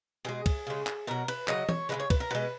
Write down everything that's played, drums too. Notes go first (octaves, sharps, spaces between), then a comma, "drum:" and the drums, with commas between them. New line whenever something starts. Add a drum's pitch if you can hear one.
B2 G#3 G#4
drum: kick, cymbal
C#3 G#3
drum: clap
B2 F#3 A#4
B4, drum: cymbal
C#3 F#3 D#5, drum: clap
C#5, drum: tom E3
C#3 F3 G#3 B4
C#5
B4, drum: kick, cymbal
A#4
B2 G#3 B4